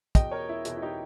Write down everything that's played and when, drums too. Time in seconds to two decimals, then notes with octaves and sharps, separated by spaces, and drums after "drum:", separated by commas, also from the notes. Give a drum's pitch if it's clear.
0.15 E2 B2 D#5 G5, drum: kick, hi-hat
0.31 A#4 C#5
0.49 E4
0.65 E2 B2 E4, drum: hi-hat
0.77 E4
0.82 D#4 G4